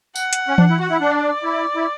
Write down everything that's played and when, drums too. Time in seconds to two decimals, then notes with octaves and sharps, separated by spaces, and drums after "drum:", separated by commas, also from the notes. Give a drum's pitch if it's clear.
0.16 F#5, drum: tambourine
0.33 drum: hi-hat
0.48 C#4
0.58 D4, drum: tom E3
0.69 E4
0.80 F#4 F#5
0.90 E4
1.00 D4
1.11 D5
1.43 E4
1.75 E4